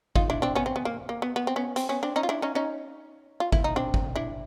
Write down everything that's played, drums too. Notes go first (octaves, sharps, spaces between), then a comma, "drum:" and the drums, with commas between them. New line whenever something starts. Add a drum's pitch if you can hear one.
D#4 F4, drum: kick
D4 E4
C4 D4
B3 C#4
C4
B3
A#3
A#3
B3
B3
C4
B3 C#4
C4, drum: hi-hat
B3 C#4
C4 D4
C#4 D#4
F4
D4 E4
C#4 D#4
C#4 D#4
F4
E4, drum: kick
D#4
C4 D4
drum: kick
D4 E4